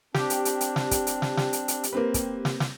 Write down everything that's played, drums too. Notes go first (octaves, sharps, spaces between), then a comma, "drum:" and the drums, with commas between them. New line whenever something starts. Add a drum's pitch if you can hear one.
C4 D4 G4, drum: snare
drum: hi-hat
drum: hi-hat
drum: hi-hat
drum: snare
drum: kick, hi-hat
drum: hi-hat
drum: snare
drum: snare
drum: hi-hat
drum: hi-hat
drum: hi-hat
A#3 C4 B4
drum: kick, hi-hat
drum: snare
drum: snare